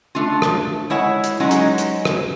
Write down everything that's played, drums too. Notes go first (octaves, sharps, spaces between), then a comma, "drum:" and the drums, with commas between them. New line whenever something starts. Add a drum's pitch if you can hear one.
A3 D4 F4
drum: rim click
G#3 E4 C#5 F#5
drum: hi-hat
F#3 G#3 C#4 D#4 F#4
drum: hi-hat
drum: hi-hat
drum: rim click